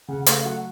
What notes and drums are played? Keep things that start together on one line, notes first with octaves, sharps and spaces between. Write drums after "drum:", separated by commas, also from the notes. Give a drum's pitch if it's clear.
C#3 F#5
A3 F5, drum: hi-hat
F#3 F#5